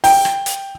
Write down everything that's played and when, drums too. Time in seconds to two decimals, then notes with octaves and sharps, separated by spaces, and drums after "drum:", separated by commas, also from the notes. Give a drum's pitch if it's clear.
0.04 G5, drum: open hi-hat
0.25 drum: rim click
0.46 drum: hi-hat